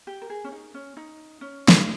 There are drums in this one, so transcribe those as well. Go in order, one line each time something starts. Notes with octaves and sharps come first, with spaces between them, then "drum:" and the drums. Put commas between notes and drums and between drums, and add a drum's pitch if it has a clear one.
G4
A#4
G#4
C#4
D#4
C#4
D#4
C#4
drum: snare